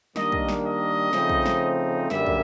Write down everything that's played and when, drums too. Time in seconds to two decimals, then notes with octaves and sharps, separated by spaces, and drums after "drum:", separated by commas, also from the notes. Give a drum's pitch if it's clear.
0.16 D#3 G3 A#3 D4 D#5, drum: snare
0.32 drum: kick
0.48 drum: snare
0.65 D#5
1.13 C#3 F3 A3 C4 D#4, drum: snare
1.29 drum: kick
1.46 drum: snare
2.10 F#2 D3 G3 A#3 E5, drum: snare
2.26 drum: kick